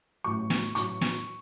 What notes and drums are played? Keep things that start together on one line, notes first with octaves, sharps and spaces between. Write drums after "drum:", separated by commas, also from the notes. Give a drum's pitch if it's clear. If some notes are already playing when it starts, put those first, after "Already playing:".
A1 A2 F#3 C#6
drum: snare
A1 A2 F#3 C#6, drum: hi-hat
drum: snare